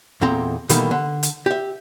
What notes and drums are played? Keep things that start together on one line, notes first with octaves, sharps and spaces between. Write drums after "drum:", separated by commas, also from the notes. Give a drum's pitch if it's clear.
E2 A#2 C4 A4 A#5 C6
B2 D#3 E3 G3 A3 A#3, drum: hi-hat
D3
drum: hi-hat
G4 E5